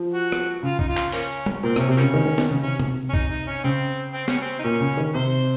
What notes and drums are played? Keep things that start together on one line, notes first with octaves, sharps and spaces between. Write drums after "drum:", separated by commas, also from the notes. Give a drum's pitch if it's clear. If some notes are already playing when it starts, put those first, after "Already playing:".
Already playing: F3
F#4
drum: rim click
C#3 F4
D#4, drum: kick
F4
drum: clap
F3 A#3 C#4, drum: open hi-hat
drum: tom
A#2 C4
C3, drum: rim click
C#4
C3 C4
C#3 F3 A#3 C#4
D#3
D#3
D#3, drum: snare
C#3
C3 C#4
drum: tom B2
C#4
D#4, drum: kick
D#4
C#4
C#3 C4
C4
C#4, drum: snare
C4
D#4
A#2 C#4
C#3
D#3
C3 C5